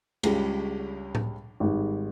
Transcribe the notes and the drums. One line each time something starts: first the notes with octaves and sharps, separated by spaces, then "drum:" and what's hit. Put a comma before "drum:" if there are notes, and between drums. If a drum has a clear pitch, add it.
C#2 C#3 G3, drum: cymbal
drum: tom A2
G#1 G#2 G3